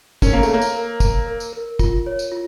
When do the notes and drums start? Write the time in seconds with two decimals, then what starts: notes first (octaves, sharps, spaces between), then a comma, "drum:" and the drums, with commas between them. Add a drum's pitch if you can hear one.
0.22 C#4 A#4, drum: kick, tambourine
0.33 A#3
0.43 A3, drum: tambourine
0.49 A#3 C#5
0.61 drum: tambourine
0.75 A#4
1.00 A#4, drum: kick, tambourine
1.27 A#4
1.40 drum: tambourine
1.53 A#4
1.79 F4, drum: kick, tambourine
2.07 C#5
2.19 drum: tambourine
2.32 F4